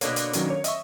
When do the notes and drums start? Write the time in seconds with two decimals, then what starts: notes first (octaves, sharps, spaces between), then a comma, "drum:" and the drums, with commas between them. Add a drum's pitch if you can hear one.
0.01 B2 D3 A#3 C#5, drum: hi-hat
0.16 drum: hi-hat
0.33 D#3 F#3 C#4, drum: hi-hat
0.50 C#5
0.64 D#5 E5 C#6, drum: hi-hat